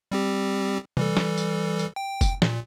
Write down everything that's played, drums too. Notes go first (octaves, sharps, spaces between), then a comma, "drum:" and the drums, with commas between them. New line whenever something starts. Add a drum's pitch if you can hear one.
G3 C4 G4
E3 G3 A4, drum: tom C3
drum: snare
drum: tambourine
drum: tambourine
G5
drum: kick, tambourine
A#2, drum: snare